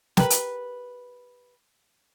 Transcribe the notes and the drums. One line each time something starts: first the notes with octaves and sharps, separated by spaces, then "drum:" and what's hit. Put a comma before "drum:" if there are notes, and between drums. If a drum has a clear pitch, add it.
G4 A#4 B4, drum: snare
drum: hi-hat